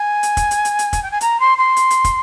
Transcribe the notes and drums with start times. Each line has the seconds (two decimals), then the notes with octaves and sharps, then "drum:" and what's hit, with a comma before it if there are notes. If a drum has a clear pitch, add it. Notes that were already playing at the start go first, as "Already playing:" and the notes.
Already playing: G#5
0.23 drum: hi-hat
0.37 drum: kick, hi-hat
0.51 drum: hi-hat
0.65 drum: hi-hat
0.79 drum: hi-hat
0.93 drum: kick, hi-hat
1.02 G5
1.11 G#5
1.21 A#5, drum: hi-hat
1.39 C6
1.57 C6
1.77 drum: hi-hat
1.91 drum: hi-hat
2.04 drum: kick, hi-hat